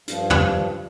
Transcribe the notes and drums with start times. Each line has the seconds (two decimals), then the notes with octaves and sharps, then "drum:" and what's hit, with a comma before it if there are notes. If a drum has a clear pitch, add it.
0.08 G2 F3, drum: hi-hat
0.30 drum: tom